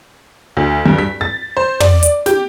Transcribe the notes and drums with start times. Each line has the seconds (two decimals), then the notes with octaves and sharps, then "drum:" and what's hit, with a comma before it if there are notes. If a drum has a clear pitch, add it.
0.57 D2
0.86 G2
0.98 B6
1.21 A6
1.57 C5
1.80 D5, drum: tom
2.03 drum: hi-hat
2.26 G4, drum: snare